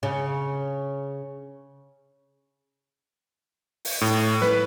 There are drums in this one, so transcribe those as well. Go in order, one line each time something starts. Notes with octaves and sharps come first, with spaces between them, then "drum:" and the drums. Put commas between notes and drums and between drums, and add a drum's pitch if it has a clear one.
C#3
drum: open hi-hat
A2
B4, drum: snare